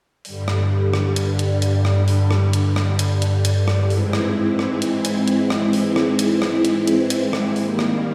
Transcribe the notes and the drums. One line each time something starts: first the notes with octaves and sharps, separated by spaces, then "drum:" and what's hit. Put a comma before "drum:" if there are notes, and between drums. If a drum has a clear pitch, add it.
G2 D3 G3, drum: open hi-hat
drum: rim click
drum: rim click
drum: hi-hat
drum: hi-hat
drum: hi-hat
drum: rim click
drum: open hi-hat
drum: rim click
drum: hi-hat
drum: rim click
drum: hi-hat
drum: hi-hat
drum: hi-hat
drum: rim click
G#2 E3 G#3 C4 E4, drum: open hi-hat
drum: rim click
drum: rim click
drum: hi-hat
drum: hi-hat
drum: hi-hat
drum: rim click
drum: open hi-hat
drum: rim click
drum: hi-hat
drum: rim click
drum: hi-hat
drum: hi-hat
drum: hi-hat
drum: rim click
D#3 G3 A#3, drum: open hi-hat
drum: rim click